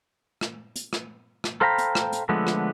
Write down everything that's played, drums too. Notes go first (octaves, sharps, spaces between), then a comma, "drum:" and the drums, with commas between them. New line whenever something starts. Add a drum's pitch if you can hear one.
drum: rim click
drum: hi-hat
drum: rim click
drum: rim click
A4 C5 F5 G5 A#5 B5
drum: hi-hat
drum: rim click
drum: hi-hat
D3 F3 G#3 A3 B3
drum: rim click